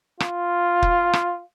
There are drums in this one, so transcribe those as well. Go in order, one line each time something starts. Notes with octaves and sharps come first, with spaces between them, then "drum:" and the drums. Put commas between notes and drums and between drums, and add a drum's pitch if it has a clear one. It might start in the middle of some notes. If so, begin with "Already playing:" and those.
F4, drum: rim click
drum: kick
drum: rim click